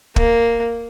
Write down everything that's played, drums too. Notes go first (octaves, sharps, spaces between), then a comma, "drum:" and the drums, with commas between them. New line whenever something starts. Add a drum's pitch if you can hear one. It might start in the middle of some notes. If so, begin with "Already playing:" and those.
A#3, drum: kick